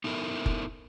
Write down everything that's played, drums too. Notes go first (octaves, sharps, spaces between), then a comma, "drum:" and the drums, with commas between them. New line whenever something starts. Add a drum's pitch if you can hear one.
B3 D#4 E4 A4 A#4
drum: kick F1